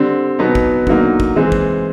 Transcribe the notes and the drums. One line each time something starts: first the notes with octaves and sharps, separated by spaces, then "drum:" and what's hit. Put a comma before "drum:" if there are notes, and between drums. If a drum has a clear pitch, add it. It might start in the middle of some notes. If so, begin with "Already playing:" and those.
Already playing: D3 G3 C4
B2 F#3 B3 D#4
drum: kick
D3 F#3 A#3 D#4, drum: kick
drum: kick
E3 G#3 C4
drum: kick